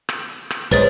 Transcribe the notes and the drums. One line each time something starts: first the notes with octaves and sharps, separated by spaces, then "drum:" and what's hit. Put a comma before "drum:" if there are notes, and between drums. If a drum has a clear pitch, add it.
drum: rim click
drum: rim click
G#2 G#3 B4 C#5 A6, drum: kick